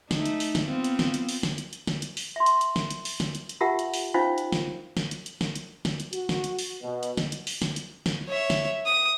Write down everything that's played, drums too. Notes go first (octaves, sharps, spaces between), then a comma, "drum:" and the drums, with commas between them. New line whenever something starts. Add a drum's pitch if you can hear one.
A3 D#4, drum: snare
drum: hi-hat
drum: open hi-hat
drum: snare
B3 C4 F4
drum: hi-hat
drum: snare
drum: hi-hat
drum: open hi-hat
drum: snare
drum: hi-hat
drum: hi-hat
drum: snare
drum: hi-hat
drum: open hi-hat
E5 C6
drum: hi-hat
drum: hi-hat
drum: snare
drum: hi-hat
drum: open hi-hat
drum: snare
drum: hi-hat
drum: hi-hat
F4 G4 A#4 E5 F#5 A5
drum: hi-hat
drum: open hi-hat
C#4 D#4 F4 C5 F5
drum: hi-hat
drum: snare
drum: snare
drum: hi-hat
drum: hi-hat
drum: snare
drum: hi-hat
drum: snare
drum: hi-hat
F#4, drum: hi-hat
drum: snare
drum: hi-hat
drum: open hi-hat
B2
drum: hi-hat
drum: snare
drum: hi-hat
drum: open hi-hat
drum: snare
drum: hi-hat
drum: snare
C#5 E5
drum: snare
D#6